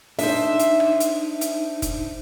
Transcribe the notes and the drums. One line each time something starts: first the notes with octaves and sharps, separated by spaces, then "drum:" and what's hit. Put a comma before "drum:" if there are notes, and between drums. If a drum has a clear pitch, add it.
D4 D#4 C5 E5, drum: open hi-hat
drum: hi-hat
drum: rim click
drum: hi-hat
drum: hi-hat
drum: kick F1, hi-hat